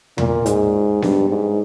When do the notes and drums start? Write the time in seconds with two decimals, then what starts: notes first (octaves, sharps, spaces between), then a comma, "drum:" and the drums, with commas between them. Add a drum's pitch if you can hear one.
0.18 A#2, drum: tom
0.46 G#2, drum: hi-hat
1.02 G2, drum: snare B3
1.29 G#2